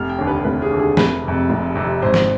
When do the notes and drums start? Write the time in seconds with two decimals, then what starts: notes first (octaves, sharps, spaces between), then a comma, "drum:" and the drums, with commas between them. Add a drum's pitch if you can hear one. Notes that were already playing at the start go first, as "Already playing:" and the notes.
Already playing: F1 F6
0.10 G5
0.19 D#2 D3
0.27 B4
0.44 F1 B4
0.62 G#4
0.71 D#2 D3
0.80 G#4
0.97 F1 B4, drum: snare
1.24 F2 C3
1.50 F1
1.75 F2 C3
2.02 G#1 C5
2.14 drum: snare